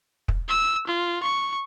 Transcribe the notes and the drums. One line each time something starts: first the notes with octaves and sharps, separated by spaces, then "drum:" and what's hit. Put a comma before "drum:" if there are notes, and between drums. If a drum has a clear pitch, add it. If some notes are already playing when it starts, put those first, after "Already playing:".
drum: kick
E6
F4
C#6